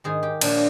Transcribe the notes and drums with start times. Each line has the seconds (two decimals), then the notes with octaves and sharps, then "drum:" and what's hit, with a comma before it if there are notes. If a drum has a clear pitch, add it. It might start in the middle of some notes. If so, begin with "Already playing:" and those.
0.04 G#2 D#3 G#4
0.23 G4
0.41 A#2 F3 D4, drum: cymbal